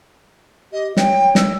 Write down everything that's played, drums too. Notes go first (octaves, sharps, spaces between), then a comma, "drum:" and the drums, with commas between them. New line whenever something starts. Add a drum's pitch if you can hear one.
G4 D#5
C#5 G5, drum: snare
E6, drum: snare